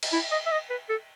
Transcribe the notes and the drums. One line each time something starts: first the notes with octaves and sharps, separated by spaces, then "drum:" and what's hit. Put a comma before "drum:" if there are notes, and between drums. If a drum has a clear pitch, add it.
drum: cymbal
E4
D#5
E5
D#5
B4
A4